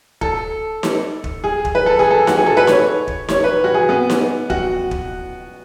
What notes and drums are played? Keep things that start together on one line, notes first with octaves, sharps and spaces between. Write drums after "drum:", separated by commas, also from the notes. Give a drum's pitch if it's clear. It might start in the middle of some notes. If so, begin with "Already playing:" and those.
A4, drum: kick
drum: snare D#4
drum: kick
G#4
drum: kick
B4
A4
G#4
A4
F#4, drum: snare D#4
G#4
A4
B4
C#5, drum: snare D#4
drum: kick
C#5, drum: snare D#4
B4
F#4
G#4
B3
drum: snare D#4
F#4, drum: kick
drum: kick